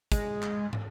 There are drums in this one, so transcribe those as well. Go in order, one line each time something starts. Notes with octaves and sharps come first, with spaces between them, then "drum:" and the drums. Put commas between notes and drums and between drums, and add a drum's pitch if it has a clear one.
G#3, drum: kick, hi-hat
drum: clap
drum: tom